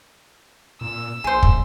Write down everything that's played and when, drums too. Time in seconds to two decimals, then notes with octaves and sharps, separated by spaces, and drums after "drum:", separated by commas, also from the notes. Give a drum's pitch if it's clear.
0.81 A#2 E6
1.24 A#1 G#4 C5
1.43 drum: kick